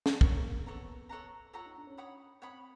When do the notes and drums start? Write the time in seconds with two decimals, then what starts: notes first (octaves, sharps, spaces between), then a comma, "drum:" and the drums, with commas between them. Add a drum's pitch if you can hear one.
0.06 drum: snare
0.21 A#3 A4 C#5 F#5 A#5, drum: kick
0.66 B3 A4 C#5 F#5 A#5
1.09 A4 C#5 F#5 A#5
1.53 F4 A4 C#5 F#5 A#5
1.66 D#4
1.76 D4
1.87 C#4
1.97 C#5 F#5 B5 D#6
2.42 C4 C#5 F#5 B5 D#6